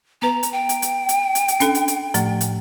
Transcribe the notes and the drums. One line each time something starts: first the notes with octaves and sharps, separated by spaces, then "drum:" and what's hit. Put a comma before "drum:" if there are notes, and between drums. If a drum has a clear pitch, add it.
B3 B4 A#5
drum: hi-hat
G5
drum: hi-hat
drum: hi-hat
drum: hi-hat
drum: hi-hat
drum: hi-hat
C#4 D4 A4, drum: hi-hat
drum: hi-hat
drum: hi-hat
A2 F3 A3, drum: hi-hat
drum: hi-hat